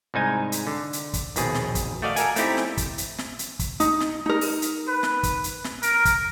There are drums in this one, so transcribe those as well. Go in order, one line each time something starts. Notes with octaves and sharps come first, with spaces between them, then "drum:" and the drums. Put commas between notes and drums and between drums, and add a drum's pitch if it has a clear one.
C2 G#2 D#4 G#5
drum: hi-hat
D3
drum: hi-hat
drum: kick, hi-hat
A#1 D#2 B2 G#4, drum: hi-hat
drum: snare
drum: kick, hi-hat
A3 F#4 D5 D#5 F5
A4 A#4 G#5, drum: hi-hat
A3 C4 D#4 E4 G4, drum: hi-hat
drum: snare
drum: kick, hi-hat
drum: hi-hat
drum: snare
drum: hi-hat
drum: kick, hi-hat
D#4, drum: hi-hat
drum: snare
D#4 A#4
drum: open hi-hat
drum: hi-hat
B4
drum: snare
drum: kick, hi-hat
drum: hi-hat
drum: snare
A#4, drum: hi-hat
drum: kick, hi-hat